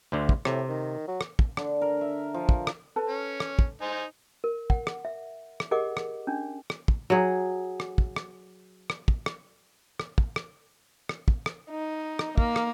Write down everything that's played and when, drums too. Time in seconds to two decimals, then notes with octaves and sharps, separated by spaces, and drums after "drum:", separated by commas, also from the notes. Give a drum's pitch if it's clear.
0.12 D2 D3
0.29 drum: kick
0.45 A2 C3, drum: rim click
0.69 D#3
1.08 F#3
1.21 drum: rim click
1.39 drum: kick
1.57 D3, drum: rim click
1.81 A#4
2.01 E5
2.34 F3
2.49 drum: kick
2.67 drum: rim click
2.96 A4 B4 A5
3.09 C#4
3.40 drum: rim click
3.59 drum: kick
3.82 D#4 C5 G#5
4.44 A#4
4.70 F#5, drum: kick
4.87 drum: rim click
5.05 E5
5.60 drum: rim click
5.71 G4 G#4 A#4 D#5 F#5 D6
5.97 drum: rim click
6.27 C#4 D4
6.70 drum: rim click
6.88 drum: kick
7.10 F#3 G#4
7.80 drum: rim click
7.98 drum: kick
8.16 drum: rim click
8.90 drum: rim click
9.08 drum: kick
9.26 drum: rim click
10.00 drum: rim click
10.18 drum: kick
10.36 drum: rim click
11.09 drum: rim click
11.28 drum: kick
11.46 drum: rim click
11.71 D#4
12.19 drum: rim click
12.38 A#3, drum: kick
12.56 drum: rim click